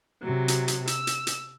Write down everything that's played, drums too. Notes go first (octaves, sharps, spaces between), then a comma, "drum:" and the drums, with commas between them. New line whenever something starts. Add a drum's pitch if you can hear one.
C3 F#3
drum: hi-hat
drum: hi-hat
E6, drum: hi-hat
drum: hi-hat
drum: hi-hat